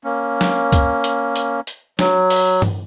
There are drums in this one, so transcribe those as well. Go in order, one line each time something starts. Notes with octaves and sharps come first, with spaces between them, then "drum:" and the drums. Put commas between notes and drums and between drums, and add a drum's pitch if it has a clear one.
A#3 C#4
drum: snare
drum: kick C#2, hi-hat
drum: hi-hat
drum: hi-hat
drum: hi-hat
F#3, drum: snare
drum: open hi-hat
drum: tom G2